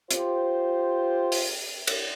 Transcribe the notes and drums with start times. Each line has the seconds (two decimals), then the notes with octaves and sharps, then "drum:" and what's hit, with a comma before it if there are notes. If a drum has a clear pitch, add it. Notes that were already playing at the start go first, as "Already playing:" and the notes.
0.11 F4 G4 C5, drum: hi-hat
1.32 drum: open hi-hat
1.87 drum: cymbal